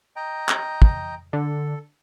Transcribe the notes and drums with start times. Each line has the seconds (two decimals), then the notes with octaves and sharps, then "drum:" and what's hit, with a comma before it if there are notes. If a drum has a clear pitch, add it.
0.16 D#5 G5 A#5
0.49 drum: clap
0.82 drum: kick
1.33 D3 A4